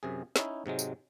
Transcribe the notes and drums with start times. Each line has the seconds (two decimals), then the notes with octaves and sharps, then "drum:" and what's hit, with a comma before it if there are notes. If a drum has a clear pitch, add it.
0.03 F#2 C3 G#4
0.36 C#4 D#4 E4, drum: snare
0.66 G#2 C3 F#3 G#3
0.79 drum: tambourine